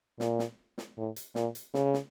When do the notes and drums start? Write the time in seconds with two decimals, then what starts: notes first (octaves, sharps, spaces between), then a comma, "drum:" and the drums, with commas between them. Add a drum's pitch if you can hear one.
0.20 A#2, drum: snare
0.39 drum: snare
0.78 drum: snare
0.97 A2
1.16 drum: hi-hat
1.35 A#2, drum: snare
1.55 drum: hi-hat
1.74 C#3, drum: snare
1.94 drum: snare